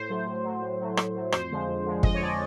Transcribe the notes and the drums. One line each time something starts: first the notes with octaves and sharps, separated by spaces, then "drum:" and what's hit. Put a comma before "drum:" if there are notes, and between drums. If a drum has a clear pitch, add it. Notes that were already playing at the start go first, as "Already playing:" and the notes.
Already playing: A2 C5
F#3 A3
A2
F#3 A3
A2
F#3 A3
A2, drum: rim click
F#3 A3
F2 C5, drum: rim click
D3 F3 G#3
F2
D3 F3 G#3
F2 D#5, drum: kick
C#5
D3 F3 G#3 D5